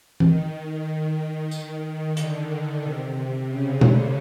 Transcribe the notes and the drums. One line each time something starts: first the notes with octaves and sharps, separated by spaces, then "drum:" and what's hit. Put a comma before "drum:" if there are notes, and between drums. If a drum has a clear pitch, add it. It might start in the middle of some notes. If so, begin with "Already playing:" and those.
D#3, drum: tom E3
drum: tambourine
D3, drum: hi-hat
C3
C3
C#3
D3, drum: tom